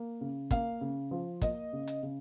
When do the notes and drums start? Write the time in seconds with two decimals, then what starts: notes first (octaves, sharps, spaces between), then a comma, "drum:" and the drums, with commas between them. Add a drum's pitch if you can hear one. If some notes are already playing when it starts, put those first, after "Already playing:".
Already playing: A#3
0.21 C#3
0.51 A#3 F5, drum: kick, hi-hat
0.81 C#3
1.11 F3
1.41 A#3 D#5, drum: kick, hi-hat
1.73 C#3
1.87 drum: hi-hat
2.03 C#3